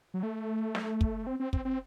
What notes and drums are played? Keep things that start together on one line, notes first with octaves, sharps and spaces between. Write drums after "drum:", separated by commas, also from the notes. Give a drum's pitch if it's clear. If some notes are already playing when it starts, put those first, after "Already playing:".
F#3
A3
drum: snare
drum: kick
C4
C4
C4, drum: kick
C4